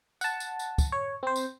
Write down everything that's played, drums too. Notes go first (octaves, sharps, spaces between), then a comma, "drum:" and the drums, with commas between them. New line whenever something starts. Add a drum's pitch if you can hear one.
F#5 A5, drum: tambourine
drum: tambourine
drum: tambourine
drum: kick, tambourine
C#5
C4 C5
drum: tambourine